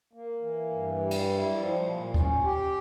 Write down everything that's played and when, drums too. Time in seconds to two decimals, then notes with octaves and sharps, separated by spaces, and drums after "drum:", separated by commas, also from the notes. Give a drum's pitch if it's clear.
0.13 A#3
0.41 E3
0.70 G2
0.99 G3
1.11 drum: cymbal
1.28 E4
1.57 F3
1.86 A#2
2.14 C#4, drum: kick D2
2.44 G4